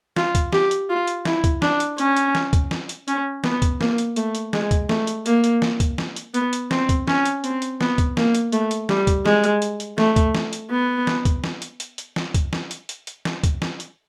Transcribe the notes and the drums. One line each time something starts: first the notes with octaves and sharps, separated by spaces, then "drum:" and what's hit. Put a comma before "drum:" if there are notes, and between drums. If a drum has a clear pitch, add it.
F4, drum: snare
drum: kick, hi-hat
G4, drum: snare
drum: hi-hat
F4
drum: hi-hat
E4, drum: snare
drum: kick, hi-hat
D4, drum: snare
drum: hi-hat
C#4, drum: hi-hat
drum: hi-hat
drum: snare
drum: kick, hi-hat
drum: snare
drum: hi-hat
C#4, drum: hi-hat
B3, drum: snare
drum: kick, hi-hat
A#3, drum: snare
drum: hi-hat
A3, drum: hi-hat
drum: hi-hat
G#3, drum: snare
drum: kick, hi-hat
A3, drum: snare
drum: hi-hat
A#3, drum: hi-hat
drum: hi-hat
drum: snare
drum: kick, hi-hat
drum: snare
drum: hi-hat
B3, drum: hi-hat
drum: hi-hat
C4, drum: snare
drum: kick, hi-hat
C#4, drum: snare
drum: hi-hat
C4, drum: hi-hat
drum: hi-hat
B3, drum: snare
drum: kick, hi-hat
A#3, drum: snare
drum: hi-hat
A3, drum: hi-hat
drum: hi-hat
G3, drum: snare
drum: kick, hi-hat
G#3, drum: snare
drum: hi-hat
drum: hi-hat
drum: hi-hat
A3, drum: snare
drum: kick, hi-hat
drum: snare
drum: hi-hat
B3
drum: snare
drum: kick, hi-hat
drum: snare
drum: hi-hat
drum: hi-hat
drum: hi-hat
drum: snare
drum: kick, hi-hat
drum: snare
drum: hi-hat
drum: hi-hat
drum: hi-hat
drum: snare
drum: kick, hi-hat
drum: snare
drum: hi-hat